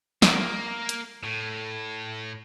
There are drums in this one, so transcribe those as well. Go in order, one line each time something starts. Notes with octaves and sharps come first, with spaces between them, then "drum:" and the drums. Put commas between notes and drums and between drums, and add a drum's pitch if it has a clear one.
A#3, drum: snare
drum: hi-hat
A2